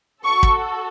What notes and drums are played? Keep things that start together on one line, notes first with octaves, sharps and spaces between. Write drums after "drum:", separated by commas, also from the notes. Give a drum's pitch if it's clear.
F#4 A4 C#6
drum: kick